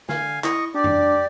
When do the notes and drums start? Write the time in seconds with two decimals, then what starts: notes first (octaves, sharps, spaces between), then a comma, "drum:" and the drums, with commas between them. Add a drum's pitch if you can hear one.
0.09 D3 F5 G#5, drum: snare
0.44 E4 D#5 C#6, drum: clap
0.74 D4 G4 D5
0.84 drum: tom F2